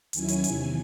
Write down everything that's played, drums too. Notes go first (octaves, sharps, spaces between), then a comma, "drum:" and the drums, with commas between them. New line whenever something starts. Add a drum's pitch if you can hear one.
D#2 D#3 F#3 C#4 E4 G#5, drum: hi-hat
drum: hi-hat
E2 C3 D#3, drum: hi-hat